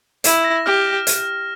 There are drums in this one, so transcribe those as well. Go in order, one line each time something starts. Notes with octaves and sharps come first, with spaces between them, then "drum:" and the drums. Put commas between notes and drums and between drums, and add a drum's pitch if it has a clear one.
E4 E7, drum: hi-hat
A#6
G4 F6
A#6
drum: hi-hat